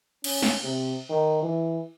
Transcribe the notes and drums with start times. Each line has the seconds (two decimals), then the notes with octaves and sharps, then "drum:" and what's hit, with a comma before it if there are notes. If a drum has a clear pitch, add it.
0.24 C#4, drum: cymbal
0.43 drum: snare
0.63 C3
1.10 D#3
1.42 E3